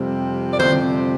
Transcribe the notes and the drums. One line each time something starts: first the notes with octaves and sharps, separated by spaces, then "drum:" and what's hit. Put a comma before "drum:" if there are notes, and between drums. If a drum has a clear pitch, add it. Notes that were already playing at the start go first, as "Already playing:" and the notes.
Already playing: F2 C3 G3 C4
D5
F2 C3 G3 C4 C5, drum: tom D3